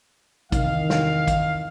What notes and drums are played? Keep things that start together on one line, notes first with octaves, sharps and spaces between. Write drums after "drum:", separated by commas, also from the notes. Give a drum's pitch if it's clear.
E2 C3 D#3 F5, drum: kick, hi-hat
drum: snare
drum: kick, hi-hat